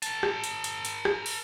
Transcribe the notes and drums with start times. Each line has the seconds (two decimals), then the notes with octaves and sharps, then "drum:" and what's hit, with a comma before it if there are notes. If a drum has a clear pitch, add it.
0.02 A#4 A5, drum: hi-hat
0.23 drum: rim click
0.44 drum: hi-hat
0.64 drum: hi-hat
0.85 drum: hi-hat
1.05 drum: rim click
1.26 drum: open hi-hat